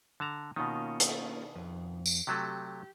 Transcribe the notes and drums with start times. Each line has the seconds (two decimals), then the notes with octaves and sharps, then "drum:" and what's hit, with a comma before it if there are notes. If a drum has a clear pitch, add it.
0.20 D3 A5 A#5
0.56 B2 D#3 A#3 C#4 F4
1.00 drum: hi-hat
1.55 F2
2.06 drum: tambourine
2.27 C3 F#3 A3 G4